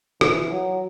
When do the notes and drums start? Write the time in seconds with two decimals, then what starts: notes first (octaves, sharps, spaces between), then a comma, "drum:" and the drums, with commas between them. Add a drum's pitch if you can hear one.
0.21 E3, drum: rim click
0.50 F#3